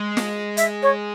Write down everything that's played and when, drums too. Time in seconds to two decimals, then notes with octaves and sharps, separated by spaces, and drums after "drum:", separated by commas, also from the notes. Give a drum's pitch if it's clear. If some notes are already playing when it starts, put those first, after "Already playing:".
Already playing: G#3
0.17 drum: snare
0.57 E5, drum: hi-hat
0.83 C#5